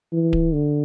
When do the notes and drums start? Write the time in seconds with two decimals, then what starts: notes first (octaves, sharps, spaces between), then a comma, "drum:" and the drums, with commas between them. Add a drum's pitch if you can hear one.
0.13 E3
0.33 drum: kick D1
0.53 D3